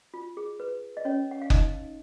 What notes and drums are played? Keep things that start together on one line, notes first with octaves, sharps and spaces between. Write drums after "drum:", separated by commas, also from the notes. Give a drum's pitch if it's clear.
F4
G#4
B4
D#5
C#4 C#5
F#5
F5
D#4 D#5, drum: kick F#1